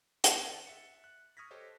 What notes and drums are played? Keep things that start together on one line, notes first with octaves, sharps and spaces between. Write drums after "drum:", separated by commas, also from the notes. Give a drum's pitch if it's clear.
E2 B3, drum: hi-hat
A6
E5 F#5 C#7
F#6
C#6 D#6 F6 G#6 A#6 B6
G4 A4 C5 C#5 D#5